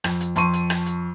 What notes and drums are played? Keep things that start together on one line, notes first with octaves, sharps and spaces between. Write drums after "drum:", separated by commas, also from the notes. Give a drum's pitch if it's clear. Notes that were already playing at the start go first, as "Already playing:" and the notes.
F2, drum: rim click
drum: hi-hat
F2 A5 C6 C#6 D#7, drum: hi-hat
drum: hi-hat
drum: rim click
drum: hi-hat